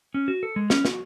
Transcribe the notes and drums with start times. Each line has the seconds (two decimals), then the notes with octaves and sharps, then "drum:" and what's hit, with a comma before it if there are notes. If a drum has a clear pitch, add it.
0.14 C#4
0.28 F#4
0.43 A4
0.56 G#3
0.70 C#4, drum: snare
0.85 F#4, drum: snare